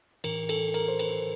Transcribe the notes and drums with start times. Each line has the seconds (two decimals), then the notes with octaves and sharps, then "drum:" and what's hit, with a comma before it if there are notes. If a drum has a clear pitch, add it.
0.24 A2 E3 A#4, drum: cymbal
0.49 A4, drum: cymbal
0.74 A#4, drum: cymbal
0.88 C5
0.99 B4, drum: cymbal